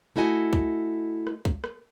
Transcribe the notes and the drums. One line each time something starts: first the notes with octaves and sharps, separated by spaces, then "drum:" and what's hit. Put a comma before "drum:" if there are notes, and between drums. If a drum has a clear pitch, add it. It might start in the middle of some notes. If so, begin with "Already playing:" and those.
A3 E4 F#4 D#5 G#5
drum: kick
drum: rim click
drum: kick
drum: rim click